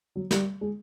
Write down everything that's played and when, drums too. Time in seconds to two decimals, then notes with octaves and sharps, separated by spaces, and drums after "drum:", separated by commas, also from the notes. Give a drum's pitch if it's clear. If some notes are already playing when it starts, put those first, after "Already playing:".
0.15 F#3
0.31 G3, drum: snare
0.61 G#3